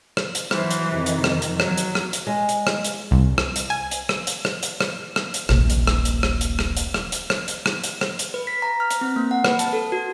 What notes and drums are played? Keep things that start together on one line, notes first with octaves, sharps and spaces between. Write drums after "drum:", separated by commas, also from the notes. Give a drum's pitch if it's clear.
drum: rim click
drum: hi-hat
E3 F#3 C5, drum: rim click
drum: hi-hat
F2 C3 D#3
drum: hi-hat
drum: rim click
drum: hi-hat
F#3, drum: rim click
drum: hi-hat
drum: rim click
drum: hi-hat
G#3
drum: hi-hat
drum: rim click
drum: hi-hat
C2
drum: rim click
drum: hi-hat
G#5
drum: hi-hat
drum: rim click
drum: hi-hat
drum: rim click
drum: hi-hat
drum: rim click
drum: rim click
drum: hi-hat
D#1 A#1, drum: rim click
drum: hi-hat
drum: rim click
drum: hi-hat
drum: rim click
drum: hi-hat
drum: rim click
drum: hi-hat
drum: rim click
drum: hi-hat
drum: rim click
drum: hi-hat
drum: rim click
drum: hi-hat
drum: rim click
drum: hi-hat
B4
B6
A#5
F6
drum: hi-hat
C4
A#3
F#5
B4, drum: rim click
A5, drum: hi-hat
A4
F#4